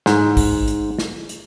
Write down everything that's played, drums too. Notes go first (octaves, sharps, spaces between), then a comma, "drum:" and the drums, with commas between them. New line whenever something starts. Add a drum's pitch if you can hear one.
G#2, drum: snare
drum: kick A1, open hi-hat
drum: hi-hat
drum: snare
drum: hi-hat